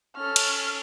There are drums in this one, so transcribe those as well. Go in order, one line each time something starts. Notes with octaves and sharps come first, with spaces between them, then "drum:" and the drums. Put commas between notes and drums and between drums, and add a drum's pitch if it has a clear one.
C#4 A4 F6
drum: cymbal